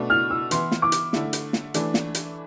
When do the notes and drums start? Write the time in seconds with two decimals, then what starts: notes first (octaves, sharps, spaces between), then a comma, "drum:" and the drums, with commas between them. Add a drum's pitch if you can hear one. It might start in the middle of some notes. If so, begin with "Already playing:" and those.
Already playing: B2 A3 D4
0.10 F6
0.30 E6
0.51 E3 B3 E4 C6, drum: hi-hat
0.72 drum: snare
0.82 D6
0.92 drum: hi-hat
1.13 D3 A3 E4, drum: snare
1.33 drum: hi-hat
1.53 drum: snare
1.74 E3 A3 D4, drum: hi-hat
1.94 drum: snare
2.15 drum: hi-hat